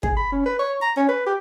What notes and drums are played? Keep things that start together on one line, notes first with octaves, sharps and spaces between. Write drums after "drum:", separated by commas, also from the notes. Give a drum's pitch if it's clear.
G#4, drum: kick
B5
C#4
B4
C#5
A#5
C#4
B4
G4